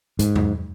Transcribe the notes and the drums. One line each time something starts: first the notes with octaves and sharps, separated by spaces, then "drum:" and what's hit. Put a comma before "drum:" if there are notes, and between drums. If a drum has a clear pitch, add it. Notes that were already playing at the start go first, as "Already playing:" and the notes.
G#2, drum: hi-hat
drum: tom E2